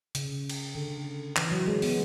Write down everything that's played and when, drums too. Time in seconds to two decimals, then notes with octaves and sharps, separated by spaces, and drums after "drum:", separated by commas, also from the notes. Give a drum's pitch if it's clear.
0.15 C#3, drum: hi-hat
0.49 drum: cymbal
0.75 D3
1.36 E3, drum: clap
1.51 F#3
1.67 G#3
1.82 B3, drum: open hi-hat